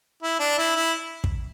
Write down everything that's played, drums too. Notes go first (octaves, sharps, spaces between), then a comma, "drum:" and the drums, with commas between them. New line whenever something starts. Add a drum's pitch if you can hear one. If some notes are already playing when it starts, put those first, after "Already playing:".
E4
D4
E4
E4
drum: kick